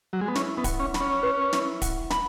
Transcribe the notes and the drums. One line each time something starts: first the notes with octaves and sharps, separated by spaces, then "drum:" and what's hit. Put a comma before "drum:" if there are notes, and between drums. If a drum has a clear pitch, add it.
F#3
G#3
B3
C#4 E4, drum: snare
B3
F#5, drum: kick D1, hi-hat
C#4
B5, drum: snare
C#4
B4
E4, drum: snare
F#5, drum: kick D1, hi-hat
B5, drum: snare